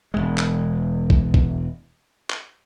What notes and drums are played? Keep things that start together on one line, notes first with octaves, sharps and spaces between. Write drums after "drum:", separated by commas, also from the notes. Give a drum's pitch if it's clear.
E1 C#2 G#3
drum: clap
drum: kick
drum: kick
drum: clap